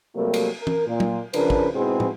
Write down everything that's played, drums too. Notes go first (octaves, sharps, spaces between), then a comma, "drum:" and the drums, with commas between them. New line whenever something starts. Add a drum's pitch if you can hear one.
C3 F#3 G3 A3 A#3
drum: cymbal
A#4
drum: tom E3
A#2
drum: tom
C#3 F3 D4 A#4 B4, drum: cymbal
drum: kick
G#2 B2 B3 C4 E4 G#4
drum: tom